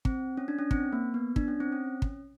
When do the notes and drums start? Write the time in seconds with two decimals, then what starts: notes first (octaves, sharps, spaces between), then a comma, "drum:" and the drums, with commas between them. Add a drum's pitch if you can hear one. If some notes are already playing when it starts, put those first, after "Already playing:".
0.05 C4, drum: kick
0.37 C#4
0.48 D4
0.59 C#4
0.71 C4, drum: kick
0.93 A#3
1.14 B3
1.36 D4, drum: kick
1.48 C#4
1.60 C4
1.72 C#4
2.02 drum: kick